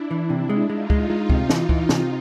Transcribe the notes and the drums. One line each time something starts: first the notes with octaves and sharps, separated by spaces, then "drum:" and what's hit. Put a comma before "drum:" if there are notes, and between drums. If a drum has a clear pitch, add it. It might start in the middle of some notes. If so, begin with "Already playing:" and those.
Already playing: D4 E4
E3
C3
G#3
G#3 D#4 F4
G#3, drum: kick
G#3
C3, drum: kick
E3 D#4 F4, drum: snare
E3, drum: kick
C3, drum: snare